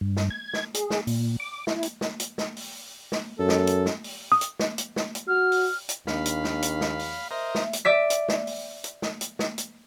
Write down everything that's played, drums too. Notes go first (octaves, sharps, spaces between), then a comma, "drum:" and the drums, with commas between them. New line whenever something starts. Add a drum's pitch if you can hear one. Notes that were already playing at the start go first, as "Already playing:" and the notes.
G2
drum: snare
G#6
drum: snare
G#4, drum: hi-hat
drum: snare
A#2, drum: open hi-hat
D6
E4, drum: snare
drum: hi-hat
drum: snare
drum: hi-hat
drum: snare
drum: open hi-hat
drum: snare
F#2 A4
drum: snare
drum: hi-hat
drum: snare
drum: open hi-hat
D#6
drum: hi-hat
drum: snare
drum: hi-hat
drum: snare
drum: hi-hat
F#4 F6
drum: open hi-hat
drum: hi-hat
D#2 D4 F5 B5, drum: snare
drum: hi-hat
drum: snare
drum: hi-hat
drum: snare
drum: open hi-hat
A#4 C5 D#5 E5
drum: snare
drum: hi-hat
D5 E5 B6
drum: hi-hat
drum: snare
drum: open hi-hat
drum: hi-hat
drum: snare
drum: hi-hat
drum: snare
drum: hi-hat